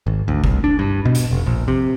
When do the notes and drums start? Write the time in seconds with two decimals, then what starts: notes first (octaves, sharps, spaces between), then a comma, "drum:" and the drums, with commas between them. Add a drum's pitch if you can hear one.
0.07 G#1
0.28 D2
0.44 C2, drum: kick F#1
0.64 D4
0.79 G2
1.05 B2
1.15 drum: hi-hat
1.31 F1
1.46 A#1
1.68 C3